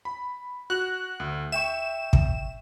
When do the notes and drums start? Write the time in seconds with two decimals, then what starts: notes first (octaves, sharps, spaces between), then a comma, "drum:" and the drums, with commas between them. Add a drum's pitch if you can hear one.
0.05 B5
0.70 F#4 F#6
1.20 D2
1.52 E5 G5 C#6 E7
2.13 drum: kick